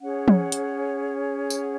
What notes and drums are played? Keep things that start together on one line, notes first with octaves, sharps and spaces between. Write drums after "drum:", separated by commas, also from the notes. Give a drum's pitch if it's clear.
C#4 G#4 C#5 F#5
drum: tom
drum: hi-hat
drum: tambourine
F#5